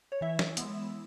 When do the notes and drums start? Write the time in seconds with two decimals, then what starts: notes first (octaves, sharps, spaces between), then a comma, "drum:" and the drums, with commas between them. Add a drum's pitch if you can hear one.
0.12 C#5
0.21 E3 E4 E5
0.39 drum: snare
0.57 G#3 B3, drum: hi-hat